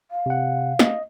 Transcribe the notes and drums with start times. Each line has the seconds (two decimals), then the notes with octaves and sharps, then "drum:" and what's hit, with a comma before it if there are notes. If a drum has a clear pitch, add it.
0.11 F5
0.26 C3 F#5
0.79 D#5, drum: snare